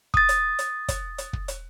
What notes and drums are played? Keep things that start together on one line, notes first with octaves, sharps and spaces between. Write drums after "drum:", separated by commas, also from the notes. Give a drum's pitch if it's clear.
D#6 A6, drum: kick
drum: hi-hat
drum: hi-hat
drum: kick, hi-hat
drum: hi-hat
drum: kick
drum: hi-hat